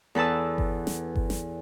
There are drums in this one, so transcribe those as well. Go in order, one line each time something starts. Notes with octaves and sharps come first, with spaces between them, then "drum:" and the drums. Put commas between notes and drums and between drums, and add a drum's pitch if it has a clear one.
E2 A4 B4 A5 E6
drum: kick G1
drum: snare
drum: kick G1
drum: snare